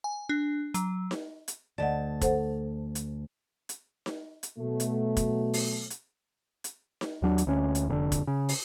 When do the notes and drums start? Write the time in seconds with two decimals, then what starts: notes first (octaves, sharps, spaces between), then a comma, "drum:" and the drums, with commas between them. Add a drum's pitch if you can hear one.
0.04 G#5
0.29 D4
0.74 F#3, drum: hi-hat
1.11 drum: snare D#4
1.48 drum: hi-hat
1.78 D2 D5 D#5 F#5 A5
2.21 A4 C5 F#5, drum: kick, hi-hat
2.95 drum: hi-hat
3.69 drum: hi-hat
4.06 drum: snare D#4
4.43 drum: hi-hat
4.58 B2 F#3 A3
4.80 drum: hi-hat
5.17 drum: kick, hi-hat
5.53 drum: open hi-hat
5.90 drum: hi-hat
6.64 drum: hi-hat
7.01 drum: snare D#4
7.22 D#2 F#3 D4
7.38 drum: hi-hat
7.47 D2 C#4
7.75 drum: hi-hat
7.88 F1 A#2 D3
8.12 drum: kick, hi-hat
8.27 C#3
8.49 drum: open hi-hat